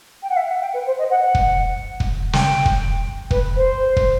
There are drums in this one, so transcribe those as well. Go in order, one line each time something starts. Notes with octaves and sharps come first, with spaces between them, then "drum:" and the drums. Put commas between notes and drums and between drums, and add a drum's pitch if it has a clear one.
G5
F#5
E5
F#5
G5
B4
C5
D#5
F#5
F#5
drum: kick
drum: kick
G5, drum: snare
drum: kick
B4, drum: kick
C5
drum: kick